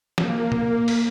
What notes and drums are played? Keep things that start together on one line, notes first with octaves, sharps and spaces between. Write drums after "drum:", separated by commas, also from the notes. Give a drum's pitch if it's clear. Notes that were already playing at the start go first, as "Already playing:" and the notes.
A#3, drum: snare
drum: tom A#2
drum: cymbal